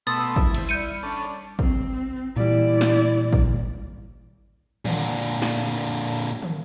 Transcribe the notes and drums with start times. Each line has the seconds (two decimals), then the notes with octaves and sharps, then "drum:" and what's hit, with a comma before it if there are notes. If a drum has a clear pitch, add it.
0.07 B2 A3 B3 C6 D#6 E6 A6
0.36 E4, drum: kick
0.54 C5 B5 E6, drum: cymbal
0.69 G3 G6 C#7 D#7
1.03 C#4 D4 A4
1.59 C4, drum: kick
2.36 A#2 E3 G3 E4 D5
2.81 drum: snare
3.33 drum: kick
4.85 A#2 D3, drum: tom
5.42 drum: snare
6.42 drum: tom